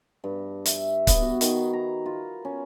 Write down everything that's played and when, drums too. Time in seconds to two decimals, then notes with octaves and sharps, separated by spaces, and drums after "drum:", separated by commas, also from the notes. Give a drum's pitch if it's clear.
0.24 G2
0.65 E5, drum: hi-hat
1.07 B3, drum: kick C#1, hi-hat
1.22 F#4
1.41 D#3, drum: hi-hat
1.73 A#5
2.06 F4
2.45 C#4